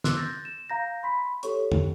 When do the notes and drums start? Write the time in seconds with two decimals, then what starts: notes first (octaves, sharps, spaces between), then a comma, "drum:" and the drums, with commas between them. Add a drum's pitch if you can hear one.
0.04 C6 D6 E6 F#6, drum: snare
0.17 G6 A6 A#6
0.45 E7
0.70 F5 A#5 G6 A#6
1.03 B5 C6 B6
1.43 G4 A4 C#5 C#6, drum: hi-hat
1.72 drum: tom